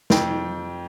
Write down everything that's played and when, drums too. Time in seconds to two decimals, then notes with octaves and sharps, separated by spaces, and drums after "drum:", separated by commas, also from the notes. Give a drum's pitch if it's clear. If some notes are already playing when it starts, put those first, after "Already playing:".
0.10 F2 G5, drum: snare